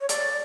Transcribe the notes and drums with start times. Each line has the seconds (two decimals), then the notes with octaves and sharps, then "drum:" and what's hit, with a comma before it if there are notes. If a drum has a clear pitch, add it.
0.01 C#5
0.09 D5, drum: hi-hat